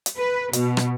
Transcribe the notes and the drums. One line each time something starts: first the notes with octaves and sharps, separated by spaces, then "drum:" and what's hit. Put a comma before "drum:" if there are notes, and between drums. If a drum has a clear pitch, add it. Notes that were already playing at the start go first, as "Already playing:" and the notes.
drum: hi-hat
B4
B2, drum: hi-hat
drum: rim click